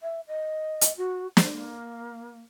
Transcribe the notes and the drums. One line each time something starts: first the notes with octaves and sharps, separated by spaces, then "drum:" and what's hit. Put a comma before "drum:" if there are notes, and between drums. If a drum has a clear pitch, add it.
E5
D#5
drum: hi-hat
F#4
C5, drum: snare
A#3